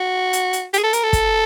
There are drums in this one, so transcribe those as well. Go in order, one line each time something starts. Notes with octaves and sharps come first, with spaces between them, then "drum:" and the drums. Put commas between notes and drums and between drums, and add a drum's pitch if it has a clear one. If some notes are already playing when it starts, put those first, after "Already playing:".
Already playing: F#4
drum: hi-hat
drum: hi-hat
G4, drum: hi-hat
G#4
A4
A#4, drum: hi-hat
A4
drum: kick, hi-hat